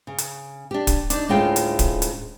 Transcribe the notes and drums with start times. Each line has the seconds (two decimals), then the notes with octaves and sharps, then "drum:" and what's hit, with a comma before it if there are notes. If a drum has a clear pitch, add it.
0.07 C#3
0.18 drum: hi-hat
0.71 D4 G4
0.87 drum: kick D1, hi-hat
1.10 D4 D#4, drum: hi-hat
1.28 D2 A2 G#3 C#4 F4 G5
1.56 drum: hi-hat
1.79 drum: kick D1, hi-hat
2.02 drum: hi-hat